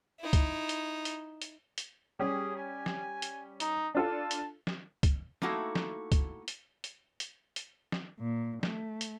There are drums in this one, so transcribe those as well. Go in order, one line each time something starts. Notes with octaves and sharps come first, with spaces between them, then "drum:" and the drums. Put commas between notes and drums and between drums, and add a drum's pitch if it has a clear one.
D#4 E4
drum: kick C#2, hi-hat
drum: hi-hat
drum: hi-hat
drum: hi-hat
drum: hi-hat
G3 C#4 G4 G#4
G#5
drum: snare
drum: hi-hat
D#4, drum: hi-hat
D4 F4 A4 A5
drum: hi-hat
drum: snare
drum: kick C#2, hi-hat
A3 A#3 D#4 E4 F#4, drum: snare
drum: snare
drum: kick C#2, hi-hat
drum: hi-hat
drum: hi-hat
drum: hi-hat
drum: hi-hat
drum: snare
A#2
A3, drum: snare
drum: hi-hat